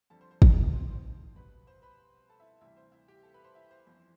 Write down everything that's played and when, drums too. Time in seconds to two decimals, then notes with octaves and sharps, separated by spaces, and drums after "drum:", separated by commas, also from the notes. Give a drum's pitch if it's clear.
0.10 F2 D3 G3 C4 A4 A5
0.21 C5 C6
0.31 C5 C6
0.42 C5 C6, drum: kick
0.73 C5 C6
0.88 C5 C6
1.35 C2 B2 B3 B4 B5
1.67 C5 C6
1.82 B4 B5
2.29 A4 A5
2.40 E4 E5
2.61 D2 C3 E3 G3 E4 E5
2.77 C5
2.92 E4 E5
3.08 G4 G5
3.23 A4 A5
3.34 B4 B5
3.44 C5 C6
3.55 E4 E5
3.71 C5
3.87 G1 F2 E3